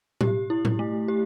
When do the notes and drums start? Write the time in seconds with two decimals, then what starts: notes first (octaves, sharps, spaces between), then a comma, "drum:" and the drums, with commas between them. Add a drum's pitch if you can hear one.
0.21 G4, drum: tom A2
0.50 E4
0.65 drum: tom A2
0.79 A3
1.08 G4